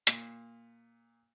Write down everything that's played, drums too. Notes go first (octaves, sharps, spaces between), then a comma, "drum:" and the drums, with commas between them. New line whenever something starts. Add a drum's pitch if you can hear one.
A#2, drum: hi-hat